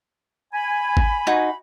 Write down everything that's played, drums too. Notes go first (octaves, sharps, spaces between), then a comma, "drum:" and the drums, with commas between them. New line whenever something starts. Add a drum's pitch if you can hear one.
G#5 B5
drum: kick G#1
D#4 F#4